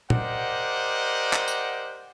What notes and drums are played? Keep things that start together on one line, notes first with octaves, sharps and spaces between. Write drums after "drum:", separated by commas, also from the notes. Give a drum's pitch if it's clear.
G4 A#4 C5 D5 D#5 F#5, drum: tom
drum: clap
drum: tambourine